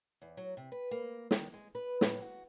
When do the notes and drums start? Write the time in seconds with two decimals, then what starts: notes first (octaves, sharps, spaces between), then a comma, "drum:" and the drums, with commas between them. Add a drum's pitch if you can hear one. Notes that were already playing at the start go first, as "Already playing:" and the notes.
0.22 E2
0.37 F#3
0.57 C3
0.72 B4
0.91 A#3
1.31 D#3, drum: snare
1.54 G#3
1.75 B4
2.01 A2, drum: snare
2.22 F#4